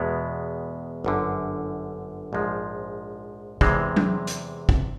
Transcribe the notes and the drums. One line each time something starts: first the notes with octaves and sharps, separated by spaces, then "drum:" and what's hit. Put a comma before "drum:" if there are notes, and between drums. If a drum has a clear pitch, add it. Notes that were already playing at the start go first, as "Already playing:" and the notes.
Already playing: E2 B2 G#3 B3
G1 F#2 D3
A#1 G#2 F3 G#3
E2 C3 E3 G#3 C4, drum: kick
drum: tom F#3
drum: hi-hat
drum: kick